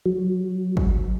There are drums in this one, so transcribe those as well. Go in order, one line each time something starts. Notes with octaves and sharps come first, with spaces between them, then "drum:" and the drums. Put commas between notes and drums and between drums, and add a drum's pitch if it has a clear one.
F#3
drum: kick